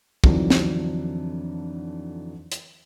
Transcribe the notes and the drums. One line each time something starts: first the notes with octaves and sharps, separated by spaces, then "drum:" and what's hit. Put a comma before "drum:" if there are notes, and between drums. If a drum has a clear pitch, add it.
F2 D3 E3 F#3 D4 D#4, drum: kick
drum: snare
drum: hi-hat